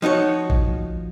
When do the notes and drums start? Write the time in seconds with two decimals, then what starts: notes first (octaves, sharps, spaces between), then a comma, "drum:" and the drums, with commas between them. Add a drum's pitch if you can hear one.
0.02 F3 D#4 F#4 C#5
0.50 drum: kick A1